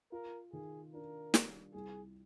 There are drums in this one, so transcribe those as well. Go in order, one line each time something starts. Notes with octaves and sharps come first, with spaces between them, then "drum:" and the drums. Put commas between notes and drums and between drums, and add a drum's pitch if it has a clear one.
F4 A#4
D#3 G#4
D4 A#4
G3, drum: snare
C2 G#4